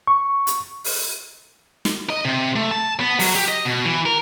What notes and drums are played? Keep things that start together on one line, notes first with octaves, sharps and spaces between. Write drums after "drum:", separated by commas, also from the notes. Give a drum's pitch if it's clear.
C#6
drum: hi-hat
drum: open hi-hat
drum: snare
D#5
C3
A3
A5
B3
F#3, drum: open hi-hat
G4
D#5
B2
E3
A#4